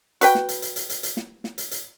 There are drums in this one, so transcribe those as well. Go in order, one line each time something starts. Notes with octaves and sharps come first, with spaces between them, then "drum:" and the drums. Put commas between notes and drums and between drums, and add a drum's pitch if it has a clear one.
F#4 B4 G5, drum: hi-hat
drum: snare
drum: hi-hat
drum: hi-hat
drum: hi-hat
drum: hi-hat
drum: hi-hat
drum: snare
drum: snare
drum: hi-hat
drum: hi-hat